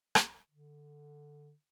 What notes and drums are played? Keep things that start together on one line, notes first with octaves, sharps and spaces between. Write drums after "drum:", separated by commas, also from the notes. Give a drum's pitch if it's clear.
drum: rim click
D3